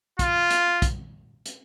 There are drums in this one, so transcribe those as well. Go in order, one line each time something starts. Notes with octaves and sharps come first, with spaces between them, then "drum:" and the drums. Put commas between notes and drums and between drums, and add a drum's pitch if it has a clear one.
F4, drum: kick, hi-hat
drum: hi-hat
drum: kick, hi-hat
drum: hi-hat